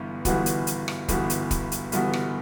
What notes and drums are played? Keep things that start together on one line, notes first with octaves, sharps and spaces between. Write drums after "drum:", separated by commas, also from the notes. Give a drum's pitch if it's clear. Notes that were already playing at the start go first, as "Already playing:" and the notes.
Already playing: G1 G2 E3 B3
G1 G2 E3 B3 F#4, drum: kick, hi-hat
drum: hi-hat
drum: hi-hat
drum: rim click
G1 G2 E3 B3 F#4, drum: kick, hi-hat
drum: hi-hat
drum: kick, hi-hat
drum: hi-hat
G1 G2 E3 B3 F#4, drum: hi-hat
drum: rim click